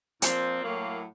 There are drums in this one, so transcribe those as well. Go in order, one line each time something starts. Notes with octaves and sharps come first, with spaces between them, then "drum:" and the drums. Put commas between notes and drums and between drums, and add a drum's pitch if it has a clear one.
A#2 F3 C4, drum: hi-hat
A2 F#3 A#3